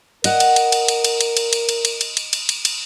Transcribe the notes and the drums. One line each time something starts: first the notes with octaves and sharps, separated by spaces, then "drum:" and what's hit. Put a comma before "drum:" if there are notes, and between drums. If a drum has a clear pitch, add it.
A#4 D#5 F#5, drum: cymbal
drum: cymbal
drum: cymbal
drum: cymbal
drum: cymbal
drum: cymbal
drum: cymbal
drum: cymbal
drum: cymbal
drum: cymbal
drum: cymbal
drum: cymbal
drum: cymbal
drum: cymbal
drum: cymbal
drum: cymbal